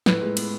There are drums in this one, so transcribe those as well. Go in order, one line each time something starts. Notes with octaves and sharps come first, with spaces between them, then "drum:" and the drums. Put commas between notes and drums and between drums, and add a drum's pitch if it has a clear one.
A2 B4, drum: snare
G#3
B3, drum: cymbal